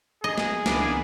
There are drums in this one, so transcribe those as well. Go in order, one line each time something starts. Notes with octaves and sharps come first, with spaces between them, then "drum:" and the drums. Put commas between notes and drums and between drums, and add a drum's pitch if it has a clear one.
G#4 D#5
drum: snare
C#2 E3 A#3 B3 D4, drum: snare